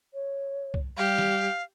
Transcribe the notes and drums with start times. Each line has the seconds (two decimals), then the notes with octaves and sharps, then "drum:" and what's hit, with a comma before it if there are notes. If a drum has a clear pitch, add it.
0.14 C#5
0.74 drum: kick
0.97 G3 G4 F5
1.18 drum: snare